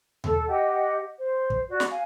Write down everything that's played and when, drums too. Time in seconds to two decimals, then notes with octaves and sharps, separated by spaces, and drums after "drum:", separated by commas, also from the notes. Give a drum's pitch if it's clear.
0.24 A4, drum: tom D#2
0.48 G4 D#5 F#5
1.18 C5
1.50 drum: kick
1.70 F#4 D5
1.80 drum: snare
1.90 F5 G#5